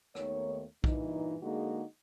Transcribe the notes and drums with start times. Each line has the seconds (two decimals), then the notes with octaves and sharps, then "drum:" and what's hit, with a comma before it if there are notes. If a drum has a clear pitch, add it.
0.15 D#2 D#3 A3 B3 C#5, drum: rim click
0.84 G2 A#2 E3 D#4, drum: kick
1.41 D3 G#3 A#3 D#4 F#4 G#4